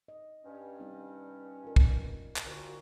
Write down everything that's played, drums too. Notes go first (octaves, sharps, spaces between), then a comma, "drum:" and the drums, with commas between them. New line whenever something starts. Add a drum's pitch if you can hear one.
D#5
G2 C#4
G3 C4 D#4
F4 A#4 D#5
drum: kick
drum: clap
D#2 A#2 D3 F#4 A#4 C5